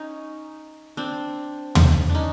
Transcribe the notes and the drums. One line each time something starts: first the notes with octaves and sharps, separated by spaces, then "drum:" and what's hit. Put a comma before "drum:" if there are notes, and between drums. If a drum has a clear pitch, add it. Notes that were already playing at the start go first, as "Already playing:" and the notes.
Already playing: C#4 D#4
C4 D4
drum: tom
D4
C#4 D#4